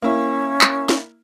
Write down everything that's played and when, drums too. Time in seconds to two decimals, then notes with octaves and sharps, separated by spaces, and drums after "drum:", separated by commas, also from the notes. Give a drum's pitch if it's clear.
0.02 A#3 C#4 E4
0.61 drum: clap
0.89 drum: snare